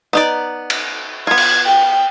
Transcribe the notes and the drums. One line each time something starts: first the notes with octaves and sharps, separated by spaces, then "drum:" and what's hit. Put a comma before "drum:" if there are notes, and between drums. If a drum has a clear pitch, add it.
B3 D#4 D5
drum: cymbal
B3 F4 G#6
drum: cymbal
G5